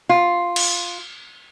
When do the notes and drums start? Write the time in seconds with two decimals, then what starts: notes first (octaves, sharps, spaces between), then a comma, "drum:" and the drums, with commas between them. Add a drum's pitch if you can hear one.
0.09 F4
0.56 drum: cymbal